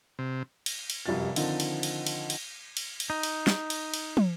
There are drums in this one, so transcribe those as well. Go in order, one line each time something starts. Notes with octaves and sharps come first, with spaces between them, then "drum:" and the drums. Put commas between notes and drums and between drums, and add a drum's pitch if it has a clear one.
C3
drum: cymbal
drum: cymbal
F1 F#2 G3 F4 F5 A6
D3 D#3 F3 C4 D#4, drum: cymbal
drum: cymbal
drum: cymbal
drum: cymbal
drum: cymbal
drum: cymbal
drum: cymbal
D#4
drum: cymbal
drum: snare
drum: cymbal
drum: cymbal
drum: tom